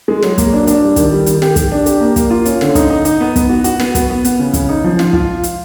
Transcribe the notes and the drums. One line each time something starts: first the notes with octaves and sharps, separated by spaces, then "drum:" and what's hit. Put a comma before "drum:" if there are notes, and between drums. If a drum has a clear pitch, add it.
G#3
F#3, drum: snare
A#3, drum: kick, hi-hat
D4
D4, drum: hi-hat
G3
D#3, drum: kick, hi-hat
G3
D#3, drum: hi-hat
G4, drum: snare
G4, drum: kick, hi-hat
D4
G4, drum: hi-hat
A#3
A#3, drum: kick, hi-hat
F4
C#4, drum: hi-hat
D3, drum: snare
D#4, drum: kick, hi-hat
D#4
D#4, drum: hi-hat
B3
B3, drum: kick, hi-hat
F#4
F#4, drum: hi-hat
B3, drum: snare
B3, drum: kick, hi-hat
B3
B3, drum: hi-hat
C#3
C#3, drum: kick, hi-hat
D#4
F3
F4, drum: snare
F4, drum: kick
drum: hi-hat